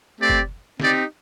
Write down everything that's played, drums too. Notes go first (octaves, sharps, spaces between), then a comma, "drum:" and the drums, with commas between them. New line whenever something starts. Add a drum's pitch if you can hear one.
A3 C4 G4 D5
drum: kick F#1
C4 D#4 G4 D5, drum: snare